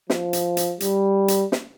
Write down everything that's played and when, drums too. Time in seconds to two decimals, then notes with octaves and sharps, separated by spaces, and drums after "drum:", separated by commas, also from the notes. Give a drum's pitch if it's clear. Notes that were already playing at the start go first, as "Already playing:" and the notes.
0.10 F3, drum: snare
0.33 drum: hi-hat
0.57 drum: hi-hat
0.80 G3, drum: hi-hat
1.28 drum: hi-hat
1.52 drum: snare